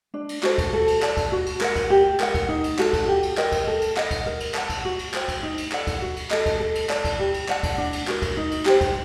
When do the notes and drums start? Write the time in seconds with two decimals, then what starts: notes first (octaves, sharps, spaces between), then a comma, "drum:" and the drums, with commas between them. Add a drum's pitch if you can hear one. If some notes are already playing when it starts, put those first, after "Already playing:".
0.14 D4
0.29 drum: cymbal
0.43 F#4 A4 C5, drum: clap
0.58 drum: kick, cymbal
0.73 A4
0.88 drum: cymbal
1.02 D5 A5, drum: clap
1.17 drum: kick, cymbal
1.32 F#4
1.46 drum: cymbal
1.61 A#4 F#5, drum: clap
1.76 drum: kick, cymbal
1.90 G4
2.20 A#4 F#5, drum: clap
2.35 drum: kick, cymbal
2.49 D#4
2.64 drum: cymbal
2.79 F#4 A4, drum: clap
2.93 drum: kick, cymbal
3.08 G4
3.23 drum: cymbal
3.37 A#4 D#5 G5, drum: clap
3.52 drum: kick, cymbal
3.67 A4
3.81 drum: cymbal
3.97 D#5 F#5, drum: clap
4.11 drum: kick, cymbal
4.26 A#4
4.40 drum: cymbal
4.54 F#5 A5, drum: clap
4.70 drum: kick, cymbal
4.85 F#4
4.99 drum: cymbal
5.14 C5 G5, drum: clap
5.28 drum: kick, cymbal
5.43 D#4
5.58 drum: cymbal
5.72 A4 D5 F#5, drum: clap
5.87 drum: kick, cymbal
6.01 F#4
6.16 drum: cymbal
6.31 A4 D#5, drum: clap
6.46 drum: kick, cymbal
6.60 A4
6.75 drum: cymbal
6.89 D5 A5, drum: clap
7.05 drum: kick, cymbal
7.19 G4
7.34 drum: cymbal
7.48 D5 F#5 A5, drum: clap
7.63 drum: kick, cymbal
7.78 D4
7.93 drum: cymbal
8.07 F#4 A#4, drum: clap
8.22 drum: kick, cymbal
8.37 D#4
8.51 drum: cymbal
8.66 G4 C5, drum: clap
8.81 drum: kick, cymbal